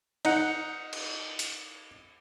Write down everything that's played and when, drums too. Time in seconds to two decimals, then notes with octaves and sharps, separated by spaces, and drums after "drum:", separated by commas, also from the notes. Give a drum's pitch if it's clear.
0.25 D#4 F#5, drum: cymbal
0.93 drum: cymbal
1.39 drum: hi-hat